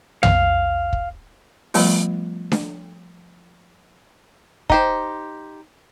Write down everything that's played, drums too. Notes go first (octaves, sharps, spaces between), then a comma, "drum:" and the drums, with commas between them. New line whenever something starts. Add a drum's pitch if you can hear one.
F5, drum: tom
drum: kick
F3 G3 A3 B3 F4, drum: open hi-hat
drum: snare D4
D#4 G4 C5, drum: kick